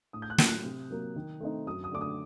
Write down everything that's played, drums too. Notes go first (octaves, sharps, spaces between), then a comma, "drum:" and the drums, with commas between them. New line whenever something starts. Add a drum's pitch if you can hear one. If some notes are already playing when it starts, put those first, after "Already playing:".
A2 D#6
G6
F#6
F#3 A3, drum: snare
F#6
C3
F#3 A#3
D#3
A3 C4 D#4
F#2 D#6
D#6
D3 A3 D4 D6
D#6